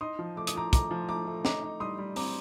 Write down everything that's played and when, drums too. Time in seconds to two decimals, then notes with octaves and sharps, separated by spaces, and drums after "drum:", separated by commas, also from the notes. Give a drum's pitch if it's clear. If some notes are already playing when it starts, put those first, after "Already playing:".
0.01 D#4 C6 D#6
0.19 F3
0.37 A3 D6
0.47 D#6, drum: hi-hat
0.55 F3 A#5 D6
0.73 A3 A#5 D6, drum: kick, hi-hat
0.91 F3
1.09 A3 A#5 D6
1.27 A3
1.45 D#4 A#5 D6, drum: snare
1.63 D#4
1.80 G3 C6 D#6
1.98 G3
2.16 C4 A#5 D6, drum: open hi-hat